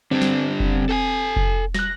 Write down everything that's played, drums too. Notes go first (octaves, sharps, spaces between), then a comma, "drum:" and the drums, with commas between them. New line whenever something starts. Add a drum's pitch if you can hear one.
D3 G3 C4 D4
drum: snare
drum: kick F1
A4 G5 G#5
drum: kick F1
F#6 A#6, drum: snare